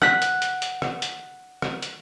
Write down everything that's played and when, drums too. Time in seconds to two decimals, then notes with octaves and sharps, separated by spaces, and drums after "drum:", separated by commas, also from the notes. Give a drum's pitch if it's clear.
0.02 F#5 F#6 B6, drum: rim click
0.22 drum: hi-hat
0.42 drum: hi-hat
0.62 drum: hi-hat
0.82 drum: rim click
1.02 drum: hi-hat
1.62 drum: rim click
1.82 drum: hi-hat